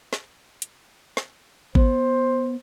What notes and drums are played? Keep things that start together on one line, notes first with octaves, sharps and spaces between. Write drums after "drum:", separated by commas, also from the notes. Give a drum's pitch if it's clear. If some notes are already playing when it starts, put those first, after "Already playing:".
drum: snare
drum: hi-hat
drum: snare
B3 C5, drum: kick G#1